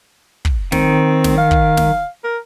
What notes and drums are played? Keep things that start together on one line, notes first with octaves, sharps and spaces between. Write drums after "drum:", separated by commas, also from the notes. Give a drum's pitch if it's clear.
drum: kick
D#3 C4, drum: snare
drum: snare
F5
drum: kick
drum: snare
A#4